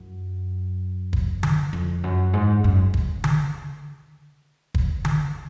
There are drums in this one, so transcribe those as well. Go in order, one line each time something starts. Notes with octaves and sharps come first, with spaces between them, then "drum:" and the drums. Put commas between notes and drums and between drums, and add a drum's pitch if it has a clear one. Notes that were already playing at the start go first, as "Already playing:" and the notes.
Already playing: F#2
drum: kick
drum: tom D3
F2
F#2
G#2
F#2
drum: kick
drum: tom D3
drum: kick
drum: tom D3